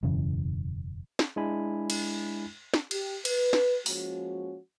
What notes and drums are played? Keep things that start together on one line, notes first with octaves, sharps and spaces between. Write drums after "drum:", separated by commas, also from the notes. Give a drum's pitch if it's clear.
E1 F#2 C#3 E3
drum: snare
G#3 D4 E4 G#5 B5
drum: cymbal
drum: snare
G4, drum: cymbal
B4, drum: cymbal
drum: snare
F3 G#3 A#3 C#4 F#4, drum: open hi-hat